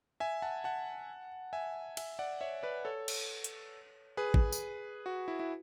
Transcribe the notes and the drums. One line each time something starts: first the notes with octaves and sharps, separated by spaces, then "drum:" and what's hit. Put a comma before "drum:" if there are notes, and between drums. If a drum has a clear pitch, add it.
E5 G#5
F#5 A5
F#5 A5
E5 G#5
E5 G#5, drum: cymbal
D5 F#5
C#5 E5
B4 D5
A4 C#5
drum: cymbal
drum: hi-hat
G#4 B4
drum: kick
drum: tambourine
F#4
E4
E4